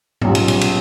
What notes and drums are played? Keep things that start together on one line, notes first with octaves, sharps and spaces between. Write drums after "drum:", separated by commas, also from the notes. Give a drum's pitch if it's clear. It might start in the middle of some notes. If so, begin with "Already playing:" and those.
B1 A#2 G3 C#4, drum: tom G#2
drum: cymbal
drum: cymbal
drum: cymbal